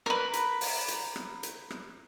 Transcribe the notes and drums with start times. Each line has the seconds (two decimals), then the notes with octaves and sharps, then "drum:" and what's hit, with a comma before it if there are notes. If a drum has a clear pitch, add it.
0.06 A#4 B4, drum: rim click
0.33 drum: hi-hat
0.61 drum: open hi-hat
0.88 drum: hi-hat
1.16 drum: rim click
1.43 drum: hi-hat
1.70 drum: rim click